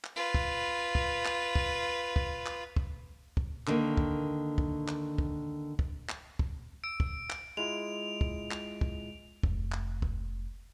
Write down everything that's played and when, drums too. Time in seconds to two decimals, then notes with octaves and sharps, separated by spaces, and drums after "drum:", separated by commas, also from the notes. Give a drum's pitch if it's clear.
0.04 drum: clap
0.16 F4 B4
0.35 drum: kick
0.95 drum: kick
1.25 drum: clap
1.55 drum: kick
2.16 drum: kick
2.46 drum: clap
2.76 drum: kick
3.37 drum: kick
3.67 D3 D#3 A#3, drum: clap
3.97 drum: kick
4.58 drum: kick
4.88 drum: clap
5.18 drum: kick
5.79 drum: kick
6.09 drum: clap
6.39 drum: kick
6.84 E6 D7
7.00 drum: kick
7.30 drum: clap
7.57 G#3 E4 F4 F7
8.21 drum: kick
8.51 drum: clap
8.81 drum: kick
9.43 F1, drum: kick
9.72 drum: clap
10.02 drum: kick